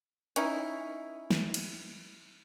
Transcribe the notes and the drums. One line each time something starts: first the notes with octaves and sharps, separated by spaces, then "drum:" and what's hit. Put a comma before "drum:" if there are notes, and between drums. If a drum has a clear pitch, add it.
C#4 D#4 E4, drum: hi-hat
drum: snare
drum: cymbal